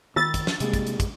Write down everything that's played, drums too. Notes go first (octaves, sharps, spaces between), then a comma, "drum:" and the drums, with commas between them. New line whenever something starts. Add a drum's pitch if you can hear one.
D#3 F4 E6 A6
drum: kick, hi-hat
drum: snare
C3 G3 G#3 A#3, drum: hi-hat
drum: kick, hi-hat
drum: hi-hat
drum: kick, hi-hat